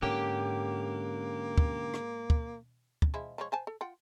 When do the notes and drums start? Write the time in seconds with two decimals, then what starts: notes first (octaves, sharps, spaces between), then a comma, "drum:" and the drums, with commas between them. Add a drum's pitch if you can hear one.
0.02 G#2 D3 A#3 C#4 G4
1.58 drum: kick
1.94 drum: rim click
2.30 drum: kick
3.02 drum: kick
3.14 F3 G#3 E4
3.38 F3 G#3 C#5
3.52 C5 G#5 A5
3.67 A4
3.81 F4 F#5 G5